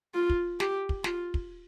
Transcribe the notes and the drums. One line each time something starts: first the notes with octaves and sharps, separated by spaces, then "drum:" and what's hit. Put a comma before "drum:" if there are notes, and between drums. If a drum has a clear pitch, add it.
F4
drum: kick
G4, drum: snare
drum: kick
F4, drum: snare
drum: kick